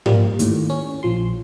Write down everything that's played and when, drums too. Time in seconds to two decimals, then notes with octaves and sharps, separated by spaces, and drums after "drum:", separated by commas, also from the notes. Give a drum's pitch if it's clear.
0.06 F3 G3 A#3, drum: tom G#2
0.39 D#2 A2, drum: hi-hat
0.70 C#4
1.03 A#1 F3 C6